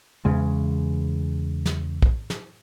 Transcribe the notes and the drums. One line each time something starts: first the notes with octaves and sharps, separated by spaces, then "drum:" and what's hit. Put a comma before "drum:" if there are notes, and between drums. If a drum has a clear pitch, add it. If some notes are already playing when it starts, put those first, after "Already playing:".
E2 C#3 G#3
drum: snare
drum: kick
drum: snare